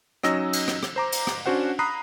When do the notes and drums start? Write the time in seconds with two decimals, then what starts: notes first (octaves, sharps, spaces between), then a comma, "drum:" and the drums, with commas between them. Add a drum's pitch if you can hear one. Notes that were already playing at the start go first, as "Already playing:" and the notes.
0.23 F#3 C#4 D#4 D#5 E6 A#6, drum: rim click
0.53 drum: cymbal
0.68 drum: rim click
0.83 drum: rim click
0.96 C5 A#5 D6
1.12 drum: cymbal
1.27 drum: rim click
1.46 C#4 D4 F#4 C5 F#5
1.79 A#5 B5 D#6 F#6 C7